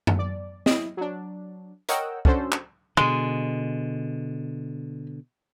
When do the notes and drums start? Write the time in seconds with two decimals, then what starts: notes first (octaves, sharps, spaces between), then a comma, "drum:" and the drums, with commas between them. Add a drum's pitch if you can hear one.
0.07 drum: tom F#2
0.19 D5
0.66 E4 D#5, drum: snare C4
0.97 F#3 D4
1.89 A#4 C#5 D#5 F#5 G5 E6, drum: hi-hat
2.25 C#4 D4 F#4 A4 C5, drum: kick
2.52 drum: clap
2.97 B2 D3 G#3